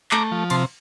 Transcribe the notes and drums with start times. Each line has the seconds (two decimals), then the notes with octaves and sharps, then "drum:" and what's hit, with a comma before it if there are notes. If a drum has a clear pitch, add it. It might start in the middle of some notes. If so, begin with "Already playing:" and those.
0.11 A3 A#5 D6, drum: clap
0.32 F3
0.50 C3 A5 C6, drum: cymbal